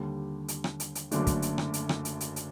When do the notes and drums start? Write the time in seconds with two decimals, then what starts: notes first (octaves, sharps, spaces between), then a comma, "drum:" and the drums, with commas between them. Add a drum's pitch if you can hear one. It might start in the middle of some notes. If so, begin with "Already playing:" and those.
Already playing: D#2 D3 G3
0.48 drum: hi-hat
0.64 drum: rim click
0.80 drum: hi-hat
0.95 drum: hi-hat
1.11 F#1 F#2 D3 A3 D4, drum: hi-hat
1.27 drum: kick, hi-hat
1.42 drum: hi-hat
1.58 drum: rim click
1.74 drum: hi-hat
1.89 drum: rim click
2.05 drum: hi-hat
2.21 drum: hi-hat
2.36 drum: hi-hat